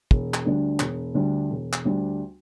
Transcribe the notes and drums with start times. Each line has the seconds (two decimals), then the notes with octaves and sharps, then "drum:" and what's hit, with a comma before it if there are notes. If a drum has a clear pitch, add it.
0.11 E1, drum: kick
0.34 drum: clap
0.45 D2 D3 G3 D4
0.80 E1, drum: clap
1.15 D2 D3 G3 D4
1.51 E1
1.73 drum: clap
1.85 D2 D3 G3 D4